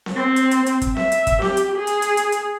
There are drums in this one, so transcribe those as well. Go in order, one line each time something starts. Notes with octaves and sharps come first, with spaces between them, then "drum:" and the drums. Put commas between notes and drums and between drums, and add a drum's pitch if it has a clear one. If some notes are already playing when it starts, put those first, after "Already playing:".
drum: snare C4
C4
drum: hi-hat
drum: hi-hat
drum: hi-hat
drum: kick, hi-hat
E5, drum: snare C4
drum: hi-hat
drum: kick, hi-hat
G4, drum: snare C4
drum: hi-hat
G#4
drum: hi-hat
drum: hi-hat
drum: hi-hat
drum: hi-hat